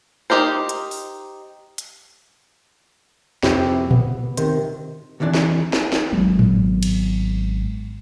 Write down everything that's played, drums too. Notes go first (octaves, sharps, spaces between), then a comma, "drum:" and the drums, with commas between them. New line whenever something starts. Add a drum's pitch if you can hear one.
D#4 G4 A#4 C5
drum: hi-hat
drum: open hi-hat
drum: hi-hat
F2 C3 G4 B4 C#5 E5, drum: snare
B3, drum: tom A#2
C3 D#3 C5, drum: hi-hat
C2 F2 E3 D4 D5
drum: snare
drum: snare
drum: snare
G#1 F#3 G#3 B3
drum: tom G#2
drum: cymbal